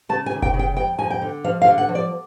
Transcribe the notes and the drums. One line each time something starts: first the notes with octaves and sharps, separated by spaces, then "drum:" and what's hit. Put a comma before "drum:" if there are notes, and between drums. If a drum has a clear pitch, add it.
C#3 A5
G#5
D#2
G5, drum: kick F#1
C#3
G5
F2 G5
F2 G#5
G5
D3
F3 F5
F5
D3
F#5
F3
D5